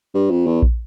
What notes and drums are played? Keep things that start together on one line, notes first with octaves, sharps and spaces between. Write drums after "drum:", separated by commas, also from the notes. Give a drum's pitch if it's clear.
G2
F2
E2
drum: kick A#1